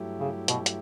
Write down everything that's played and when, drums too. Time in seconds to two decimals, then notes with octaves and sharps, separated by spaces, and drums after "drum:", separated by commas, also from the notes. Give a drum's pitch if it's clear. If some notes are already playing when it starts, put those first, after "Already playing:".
Already playing: G2 F#3 A3 E4 G4
0.20 C#3
0.48 B2, drum: hi-hat
0.66 drum: hi-hat